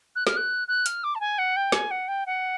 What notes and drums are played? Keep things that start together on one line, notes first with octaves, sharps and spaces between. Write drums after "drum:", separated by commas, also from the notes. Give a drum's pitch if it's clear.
F#6
F6, drum: snare
F#6
F#6
F6, drum: hi-hat
D6
A5
G#5
F#5
G5
G#5, drum: snare
F#5
G5
F#5